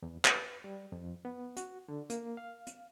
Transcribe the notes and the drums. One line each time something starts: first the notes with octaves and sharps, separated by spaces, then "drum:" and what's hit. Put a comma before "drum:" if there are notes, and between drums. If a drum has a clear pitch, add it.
E2
B4, drum: clap
G3
F2
B3
F#4, drum: hi-hat
D3
A#3, drum: hi-hat
F5
drum: hi-hat